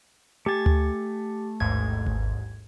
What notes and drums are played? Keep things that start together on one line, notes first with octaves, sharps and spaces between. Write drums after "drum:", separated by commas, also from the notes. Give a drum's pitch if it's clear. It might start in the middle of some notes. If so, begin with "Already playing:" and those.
A3 G4 G#5 A6
drum: tom D2
A1 D#2 G#2 G#6
drum: kick G#1